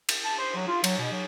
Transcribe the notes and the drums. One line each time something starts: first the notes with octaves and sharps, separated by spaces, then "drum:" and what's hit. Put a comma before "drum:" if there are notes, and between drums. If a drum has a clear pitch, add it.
drum: cymbal
A5
C5
F#3
F4
F#3, drum: cymbal
B2
F#3